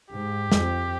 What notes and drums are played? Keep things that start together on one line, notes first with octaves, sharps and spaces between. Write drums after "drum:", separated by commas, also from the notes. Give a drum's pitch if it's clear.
G#2 G4
F2, drum: snare